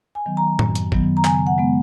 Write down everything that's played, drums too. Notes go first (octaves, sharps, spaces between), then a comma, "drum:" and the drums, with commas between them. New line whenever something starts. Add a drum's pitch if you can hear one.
G#5
D#3 F#3 B3
A#5
F#2, drum: tom A2
drum: hi-hat
D#3 F#3 B3, drum: kick
A#5
C#3 G#5, drum: clap
F#5
G#3 B3